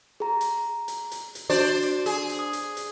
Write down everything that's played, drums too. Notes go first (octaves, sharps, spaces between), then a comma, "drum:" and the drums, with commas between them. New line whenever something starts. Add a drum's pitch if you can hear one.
G#4 A#5
drum: hi-hat
drum: hi-hat
drum: hi-hat
drum: hi-hat
D4 F#4 C5 D5
drum: hi-hat
drum: hi-hat
G#4, drum: hi-hat
drum: hi-hat
D#6
drum: hi-hat
drum: hi-hat